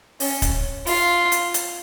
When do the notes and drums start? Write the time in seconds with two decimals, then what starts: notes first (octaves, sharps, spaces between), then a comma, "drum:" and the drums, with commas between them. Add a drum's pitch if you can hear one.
0.20 C#4, drum: open hi-hat
0.42 drum: kick, hi-hat
0.87 F4, drum: open hi-hat
1.32 drum: hi-hat
1.54 drum: hi-hat